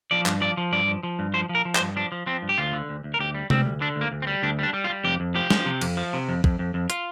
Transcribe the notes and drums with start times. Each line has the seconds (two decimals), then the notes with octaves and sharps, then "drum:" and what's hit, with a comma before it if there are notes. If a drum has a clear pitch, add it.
0.11 F3 D5
0.26 G2, drum: clap
0.41 F3 D5
0.57 F3
0.72 G2 D5
0.88 F3
1.03 F3
1.19 G2
1.34 F3 C5
1.49 F3
1.55 A#4
1.65 F3
1.75 C5, drum: clap
1.80 G2
1.96 F3 D4
2.12 F3
2.26 F3 C4
2.42 G2
2.49 G4
2.58 D2 F4
2.73 D3
2.89 D2
3.04 D2
3.14 A#4
3.19 D2 G4
3.35 G3
3.50 G3 C4, drum: tom C3
3.65 D2
3.81 D3 D4
3.96 D2
4.01 A#3
4.12 D2
4.22 C4
4.27 G3
4.43 D2 D4
4.59 G3 D4
4.74 G3
4.84 F4
4.90 G3
5.04 F2 G4
5.20 F2
5.35 F3 G4
5.50 F3, drum: snare
5.66 C3
5.81 F2, drum: cymbal
5.97 F3
6.13 C3
6.29 F2
6.44 F2, drum: kick
6.59 F2
6.74 F2
6.90 F4, drum: hi-hat